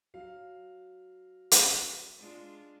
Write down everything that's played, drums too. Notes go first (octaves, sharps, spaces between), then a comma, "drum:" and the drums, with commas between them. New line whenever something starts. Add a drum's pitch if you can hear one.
F#3 F5
drum: hi-hat
G#3 D4 F4